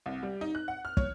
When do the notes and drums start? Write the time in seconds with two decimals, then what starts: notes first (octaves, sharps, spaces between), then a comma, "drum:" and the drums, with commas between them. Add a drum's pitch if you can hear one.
0.06 C2
0.23 G3
0.41 D#4
0.55 F#6
0.68 F#5
0.85 F6
0.97 C#5, drum: kick